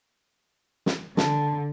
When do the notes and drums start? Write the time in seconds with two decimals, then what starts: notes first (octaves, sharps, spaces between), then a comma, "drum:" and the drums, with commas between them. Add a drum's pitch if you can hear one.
0.86 drum: snare
1.17 D3 A5, drum: snare